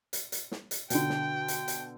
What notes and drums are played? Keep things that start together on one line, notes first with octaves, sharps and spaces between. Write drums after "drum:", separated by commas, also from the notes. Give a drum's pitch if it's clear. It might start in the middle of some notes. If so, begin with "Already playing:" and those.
drum: hi-hat
drum: hi-hat
drum: snare
drum: hi-hat
B2 D3 G5, drum: hi-hat
drum: snare
drum: hi-hat
drum: hi-hat